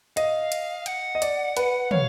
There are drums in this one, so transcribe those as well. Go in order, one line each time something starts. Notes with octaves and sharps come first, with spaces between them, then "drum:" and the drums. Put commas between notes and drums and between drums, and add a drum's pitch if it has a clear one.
D#5 F5, drum: hi-hat
drum: hi-hat
F#5, drum: hi-hat
D#5
D5, drum: hi-hat
B4, drum: hi-hat
C#5 F5, drum: tom